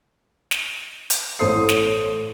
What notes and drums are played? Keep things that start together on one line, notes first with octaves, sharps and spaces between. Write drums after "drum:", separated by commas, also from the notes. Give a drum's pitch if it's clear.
drum: snare
drum: hi-hat
A1 A2 A3 C5 D#6 C7
drum: snare